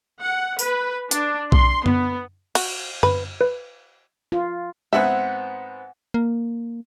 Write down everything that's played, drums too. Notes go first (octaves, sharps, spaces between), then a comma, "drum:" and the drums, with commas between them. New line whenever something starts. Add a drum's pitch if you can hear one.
F#5
B4, drum: tambourine
D4, drum: hi-hat
C6, drum: kick B1
B3, drum: tom F#2
F#4, drum: cymbal
B4, drum: tom F#2
B4
F4
G#2 B3 C4 E5 F#5 G#5
A#3